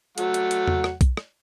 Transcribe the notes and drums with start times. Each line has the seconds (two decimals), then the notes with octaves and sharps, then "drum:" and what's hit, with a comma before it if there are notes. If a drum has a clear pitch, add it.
0.18 F#3 A3 F#5, drum: hi-hat
0.34 drum: hi-hat
0.51 drum: hi-hat
0.68 drum: tom E2
0.84 drum: rim click
1.01 drum: kick B1, hi-hat
1.17 drum: rim click